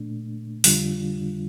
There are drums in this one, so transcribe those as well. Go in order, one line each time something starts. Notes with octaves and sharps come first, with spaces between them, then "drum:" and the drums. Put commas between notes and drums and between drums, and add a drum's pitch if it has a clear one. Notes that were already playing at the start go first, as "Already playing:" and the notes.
Already playing: A#2 A3 D4
F2 D3 G3 D4 F4, drum: open hi-hat